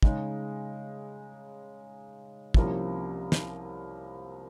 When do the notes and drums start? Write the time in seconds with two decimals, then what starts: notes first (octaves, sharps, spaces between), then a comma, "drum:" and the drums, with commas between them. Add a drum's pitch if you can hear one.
0.03 C#3 G#3 D#4 G#4, drum: kick
2.54 C2 C3 F3 A#3 C#4, drum: kick
3.32 drum: snare